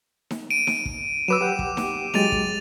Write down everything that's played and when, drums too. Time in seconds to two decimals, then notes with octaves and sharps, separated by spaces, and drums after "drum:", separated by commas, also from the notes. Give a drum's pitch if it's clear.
0.31 drum: snare D#4
0.51 D7 D#7
0.67 drum: snare D#4
0.85 drum: kick
1.28 F#3 B4 D6 E6 E7
1.41 G4 F#5 G5
1.59 drum: kick
1.77 drum: snare D#4
2.14 F#3 G#3 G4 A6 D#7 F7, drum: snare D#4
2.32 drum: kick